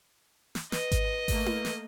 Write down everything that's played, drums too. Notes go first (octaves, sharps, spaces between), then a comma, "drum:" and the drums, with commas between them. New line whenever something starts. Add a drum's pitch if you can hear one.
drum: snare
B4 D#5, drum: snare
drum: kick G#1, hi-hat
A3 A#3, drum: kick G#1, open hi-hat
drum: tom E4
drum: snare